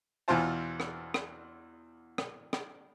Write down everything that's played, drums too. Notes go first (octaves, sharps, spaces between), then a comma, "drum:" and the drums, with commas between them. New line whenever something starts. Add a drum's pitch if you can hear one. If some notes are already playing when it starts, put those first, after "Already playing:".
E2 B2 E3 F4 C5 A5
drum: rim click
drum: rim click
drum: rim click
drum: rim click